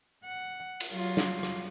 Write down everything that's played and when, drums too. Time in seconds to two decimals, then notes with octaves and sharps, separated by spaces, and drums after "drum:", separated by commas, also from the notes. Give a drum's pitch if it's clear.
0.24 F#5
0.80 drum: cymbal
0.93 F#3 F4
1.17 drum: snare
1.43 drum: rim click